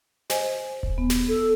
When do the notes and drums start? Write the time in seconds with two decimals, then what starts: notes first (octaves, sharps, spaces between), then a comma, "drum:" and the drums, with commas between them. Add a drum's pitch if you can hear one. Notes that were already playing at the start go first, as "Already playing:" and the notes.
0.30 C5 D#5 G#5, drum: snare
0.83 drum: kick D#1
0.98 B3
1.10 drum: snare
1.28 A4